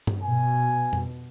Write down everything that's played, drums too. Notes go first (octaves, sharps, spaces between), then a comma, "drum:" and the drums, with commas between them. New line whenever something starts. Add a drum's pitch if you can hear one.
drum: tom G2
B2 G#5
drum: tom F2